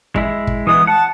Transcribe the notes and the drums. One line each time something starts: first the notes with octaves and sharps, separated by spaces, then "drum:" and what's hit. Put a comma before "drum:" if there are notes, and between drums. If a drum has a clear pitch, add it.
G#3 E4, drum: kick
drum: kick
E3 G#3 B3 D#6
F#5 A5